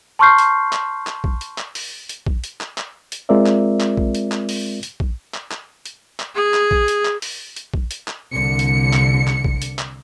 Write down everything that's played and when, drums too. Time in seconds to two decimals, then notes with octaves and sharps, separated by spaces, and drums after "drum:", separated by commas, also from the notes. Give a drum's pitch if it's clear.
0.19 A5 C6 C#6 F6 G6 C7
0.38 drum: hi-hat
0.73 drum: clap
1.07 drum: clap
1.24 drum: kick A#1
1.41 drum: hi-hat
1.58 drum: clap
1.75 drum: open hi-hat
2.09 drum: hi-hat
2.26 drum: kick A#1
2.44 drum: hi-hat
2.61 drum: clap
2.78 drum: clap
3.12 drum: hi-hat
3.29 G#3 C4 F4 A#4 D5 E5
3.46 drum: clap
3.80 drum: clap
3.97 drum: kick A#1
4.15 drum: hi-hat
4.32 drum: clap
4.49 drum: open hi-hat
4.83 drum: hi-hat
5.00 drum: kick A#1
5.34 drum: clap
5.51 drum: clap
5.85 drum: hi-hat
6.20 drum: clap
6.35 G#4
6.54 drum: clap
6.71 drum: kick A#1
6.88 drum: hi-hat
7.05 drum: clap
7.22 drum: open hi-hat
7.56 drum: hi-hat
7.74 drum: kick A#1
7.91 drum: hi-hat
8.08 drum: clap
8.32 C2 D3 C#7
8.59 drum: hi-hat
8.93 drum: clap
9.27 drum: clap
9.44 drum: kick A#1
9.62 drum: hi-hat
9.79 drum: clap